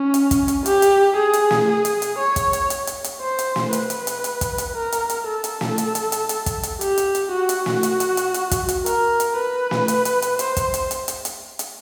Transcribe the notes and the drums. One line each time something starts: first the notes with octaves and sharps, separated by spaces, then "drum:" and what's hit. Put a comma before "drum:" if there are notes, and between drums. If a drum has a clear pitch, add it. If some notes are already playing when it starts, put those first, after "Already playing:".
Already playing: C#4
drum: hi-hat
drum: kick, hi-hat
drum: hi-hat
G4, drum: hi-hat
drum: hi-hat
G#4
drum: hi-hat
drum: snare
G#4
drum: hi-hat
drum: hi-hat
C#5
drum: kick, hi-hat
drum: hi-hat
drum: hi-hat
drum: hi-hat
drum: hi-hat
C5
drum: hi-hat
drum: snare
B4, drum: hi-hat
drum: hi-hat
drum: hi-hat
drum: hi-hat
drum: kick, hi-hat
drum: hi-hat
A#4
drum: hi-hat
drum: hi-hat
A4
drum: hi-hat
drum: snare
drum: hi-hat
drum: hi-hat
drum: hi-hat
drum: hi-hat
drum: kick, hi-hat
drum: hi-hat
G4, drum: hi-hat
drum: hi-hat
drum: hi-hat
F#4
drum: hi-hat
drum: snare
drum: hi-hat
drum: hi-hat
drum: hi-hat
drum: hi-hat
drum: kick, hi-hat
drum: hi-hat
A#4, drum: hi-hat
drum: hi-hat
B4
drum: snare
drum: hi-hat
drum: hi-hat
drum: hi-hat
C5, drum: hi-hat
drum: kick, hi-hat
drum: hi-hat
drum: hi-hat
drum: hi-hat
drum: hi-hat
drum: hi-hat